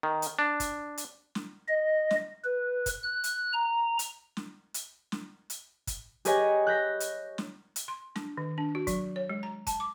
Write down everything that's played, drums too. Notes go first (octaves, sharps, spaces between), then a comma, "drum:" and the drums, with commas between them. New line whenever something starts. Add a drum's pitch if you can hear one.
D#3
drum: hi-hat
D4
drum: kick, hi-hat
drum: hi-hat
drum: snare
D#5
drum: snare
B4
drum: kick, hi-hat
F#6
drum: hi-hat
A#5
drum: hi-hat
drum: snare
drum: hi-hat
drum: snare
drum: hi-hat
drum: kick, hi-hat
G4 G#4 B4 C#5 D#5 G#5, drum: hi-hat
F#6 G6 A#6 B6
drum: hi-hat
drum: snare
drum: hi-hat
C6
D4, drum: snare
D#3
D4
F#4
F#3, drum: kick, hi-hat
C#5
G#3
A#5
A5, drum: kick, hi-hat
D6